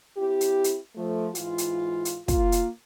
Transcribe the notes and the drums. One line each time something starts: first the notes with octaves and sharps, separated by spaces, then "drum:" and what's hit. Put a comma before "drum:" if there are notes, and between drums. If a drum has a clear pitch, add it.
C4 E4 G4
drum: hi-hat
drum: hi-hat
F3 A3
G#2 E3 F4, drum: hi-hat
drum: hi-hat
drum: hi-hat
A#3 F4, drum: kick, hi-hat
drum: hi-hat